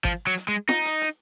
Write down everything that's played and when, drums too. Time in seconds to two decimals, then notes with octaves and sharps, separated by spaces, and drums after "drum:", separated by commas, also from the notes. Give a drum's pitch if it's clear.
0.05 F3, drum: kick G#1, hi-hat
0.27 F#3
0.37 drum: hi-hat
0.48 G#3
0.69 D#4, drum: snare
0.85 drum: hi-hat
1.01 drum: hi-hat